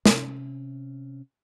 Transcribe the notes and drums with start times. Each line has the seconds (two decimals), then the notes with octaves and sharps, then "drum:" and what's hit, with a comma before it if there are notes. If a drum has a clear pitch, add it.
0.06 C3 C#4, drum: snare